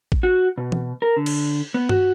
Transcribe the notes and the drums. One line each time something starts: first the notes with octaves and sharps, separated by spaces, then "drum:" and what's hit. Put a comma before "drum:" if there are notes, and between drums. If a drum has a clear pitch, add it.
drum: kick
F#4
B2
drum: tom E3
A#4
D3
drum: cymbal
B3
F#4, drum: tom G2